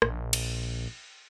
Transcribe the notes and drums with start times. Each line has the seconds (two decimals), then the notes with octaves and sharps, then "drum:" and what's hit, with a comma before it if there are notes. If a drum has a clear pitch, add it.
0.02 A#1, drum: rim click
0.33 drum: cymbal